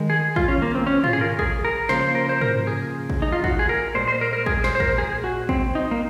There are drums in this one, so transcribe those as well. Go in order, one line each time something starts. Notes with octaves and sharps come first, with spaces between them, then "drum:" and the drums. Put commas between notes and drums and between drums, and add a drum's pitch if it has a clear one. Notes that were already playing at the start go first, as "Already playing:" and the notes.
Already playing: D#3 G#3
G#4
F4, drum: kick
C#4
A#3
C4
C#4
F4, drum: tom
G#4
A#4
G#4, drum: kick
A#4
C#3 F3 A#3 C5, drum: snare
A#4
C5
A#4, drum: tom
G#4
drum: kick
D#4
F4
F#4, drum: kick
G#4
A#4
A#2 G#3 C5
C5
A#4
A#4
G#4, drum: kick
C5, drum: snare
C5
A#4, drum: kick
G#4
F#4
C4, drum: kick
D#4
A#3